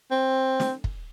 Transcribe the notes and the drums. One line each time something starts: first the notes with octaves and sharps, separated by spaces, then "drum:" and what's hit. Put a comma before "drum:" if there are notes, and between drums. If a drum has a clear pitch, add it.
C4
drum: snare
drum: kick